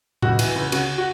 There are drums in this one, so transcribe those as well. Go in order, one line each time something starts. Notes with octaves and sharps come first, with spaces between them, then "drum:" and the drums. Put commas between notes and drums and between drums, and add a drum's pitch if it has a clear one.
C#2 F#4, drum: tom A2
E3, drum: cymbal
C#2
C#3 F#4, drum: cymbal
F#4